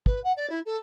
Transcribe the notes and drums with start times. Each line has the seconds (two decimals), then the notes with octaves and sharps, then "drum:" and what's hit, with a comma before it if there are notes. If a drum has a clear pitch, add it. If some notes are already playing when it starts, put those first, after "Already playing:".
0.06 B4, drum: kick
0.24 F#5
0.36 D5
0.50 E4
0.65 A4